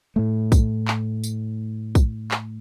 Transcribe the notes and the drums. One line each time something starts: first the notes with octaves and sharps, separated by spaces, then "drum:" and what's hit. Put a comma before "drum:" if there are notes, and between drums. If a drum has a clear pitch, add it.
A2 A3
drum: kick, tambourine
drum: clap
drum: tambourine
drum: kick, tambourine
drum: clap